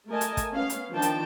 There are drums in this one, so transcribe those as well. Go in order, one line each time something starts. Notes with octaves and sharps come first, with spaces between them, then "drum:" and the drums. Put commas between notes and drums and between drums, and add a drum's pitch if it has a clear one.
A3 A#4 D#5 G#5 A5
drum: hi-hat
drum: kick, hi-hat
B3 C#4 F5
drum: hi-hat
D#3 F3 D4 G5 A5
drum: hi-hat